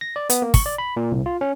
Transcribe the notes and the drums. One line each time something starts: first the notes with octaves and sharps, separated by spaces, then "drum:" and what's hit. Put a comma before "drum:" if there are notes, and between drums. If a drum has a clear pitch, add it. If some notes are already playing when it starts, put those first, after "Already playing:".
A#6
D5
B3, drum: hi-hat
A#3
C#6, drum: kick, open hi-hat
D5
B5
A#2
C2
F4
C#4